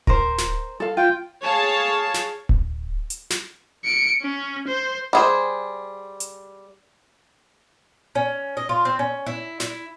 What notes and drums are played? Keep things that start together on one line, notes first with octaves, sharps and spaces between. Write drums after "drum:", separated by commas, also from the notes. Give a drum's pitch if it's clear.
A#4 C5, drum: kick D1
drum: snare
A4 F5
F4 G5
G#4 C#5 F5 A5
drum: snare
drum: kick D1
drum: hi-hat
drum: snare
C#7 D7
C#4
C5
G3 G#4 C5
drum: hi-hat
C#4
D#5
F4
C4
C#4
E4
E4, drum: snare